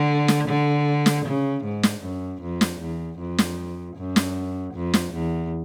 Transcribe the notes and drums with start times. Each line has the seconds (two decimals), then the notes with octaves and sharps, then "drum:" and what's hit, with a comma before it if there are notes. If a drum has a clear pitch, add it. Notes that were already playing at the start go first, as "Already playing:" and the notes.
Already playing: D3
0.28 drum: snare
0.48 D3
1.06 drum: snare
1.26 C#3
1.64 G#2
1.83 drum: snare
2.02 F#2
2.41 F2
2.61 drum: snare
2.81 E2
3.18 F2
3.38 drum: snare
3.97 F#2
4.16 drum: snare
4.74 F2
4.94 drum: snare
5.13 E2